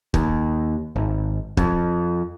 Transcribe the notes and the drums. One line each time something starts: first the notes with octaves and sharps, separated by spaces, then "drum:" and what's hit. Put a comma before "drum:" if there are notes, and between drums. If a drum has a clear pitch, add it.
D#2, drum: kick
G#1
F2, drum: kick